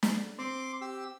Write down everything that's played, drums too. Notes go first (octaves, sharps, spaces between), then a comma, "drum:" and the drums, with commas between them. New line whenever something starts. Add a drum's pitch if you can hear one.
drum: snare
C4 C6 D6
G4 E6